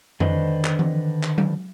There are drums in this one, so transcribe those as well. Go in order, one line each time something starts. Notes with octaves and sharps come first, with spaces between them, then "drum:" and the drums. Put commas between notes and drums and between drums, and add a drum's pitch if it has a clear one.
D3 D#3 D4 B4 C5 D#5, drum: tom F2
drum: clap
drum: tom E3
drum: clap
drum: tom F#3